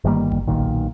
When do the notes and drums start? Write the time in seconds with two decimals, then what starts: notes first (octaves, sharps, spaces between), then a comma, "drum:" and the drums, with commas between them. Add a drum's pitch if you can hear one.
0.04 G1 D#3 G3 A#3
0.32 drum: kick G1
0.47 B1 A#2 D#3